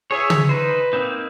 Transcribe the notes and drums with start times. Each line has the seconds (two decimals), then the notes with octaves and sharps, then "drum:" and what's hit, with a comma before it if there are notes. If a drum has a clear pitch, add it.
0.11 G#4 C#5 E5
0.30 drum: tom
0.49 D#4 B4 C5
0.93 A#3 C4 D#4